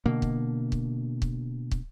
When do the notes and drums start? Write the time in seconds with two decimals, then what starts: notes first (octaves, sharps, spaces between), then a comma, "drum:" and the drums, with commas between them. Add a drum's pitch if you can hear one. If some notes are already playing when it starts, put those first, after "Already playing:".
0.06 B2 D3 A#3
0.22 drum: kick
0.72 drum: kick
1.22 drum: kick
1.71 drum: kick